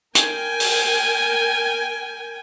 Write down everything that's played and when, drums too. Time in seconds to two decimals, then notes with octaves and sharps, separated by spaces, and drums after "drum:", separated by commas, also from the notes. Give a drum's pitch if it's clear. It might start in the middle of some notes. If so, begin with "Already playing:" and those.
0.15 A#4 G5 G#5, drum: hi-hat
0.60 drum: open hi-hat